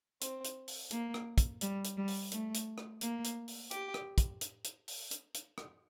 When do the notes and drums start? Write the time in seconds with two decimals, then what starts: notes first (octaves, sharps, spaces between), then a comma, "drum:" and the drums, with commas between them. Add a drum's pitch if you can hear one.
0.21 C4, drum: hi-hat
0.44 drum: hi-hat
0.68 drum: open hi-hat
0.91 A#3, drum: hi-hat
1.14 drum: rim click
1.38 drum: kick, hi-hat
1.61 G3, drum: hi-hat
1.84 drum: hi-hat
1.96 G3
2.08 drum: open hi-hat
2.31 A3, drum: hi-hat
2.54 drum: hi-hat
2.78 drum: rim click
3.01 A#3, drum: hi-hat
3.24 drum: hi-hat
3.48 drum: open hi-hat
3.71 G4, drum: hi-hat
3.94 drum: rim click
4.18 drum: kick, hi-hat
4.41 drum: hi-hat
4.64 drum: hi-hat
4.88 drum: open hi-hat
5.11 drum: hi-hat
5.34 drum: hi-hat
5.58 drum: rim click